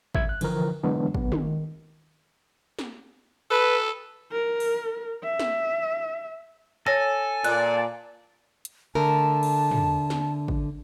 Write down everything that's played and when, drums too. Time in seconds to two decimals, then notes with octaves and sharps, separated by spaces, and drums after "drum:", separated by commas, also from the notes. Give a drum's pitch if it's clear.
0.15 B1 E5 G#6, drum: kick
0.29 F#6
0.41 D3 E3 F3 A#4, drum: cymbal
0.83 D3 E3 F#3 G#3 B3 D4
1.14 B1 B3, drum: kick
1.32 D#3, drum: tom
2.79 drum: snare
3.51 A4 B4
4.32 A#4
4.60 drum: open hi-hat
5.23 E5
5.39 drum: snare
6.87 A4 C#5 G#5 A#6
7.44 A#2 D5 F#6, drum: cymbal
8.65 drum: hi-hat
8.95 D3 A3 A#4 A5
9.43 drum: cymbal
9.71 drum: tom
10.10 drum: snare
10.48 drum: kick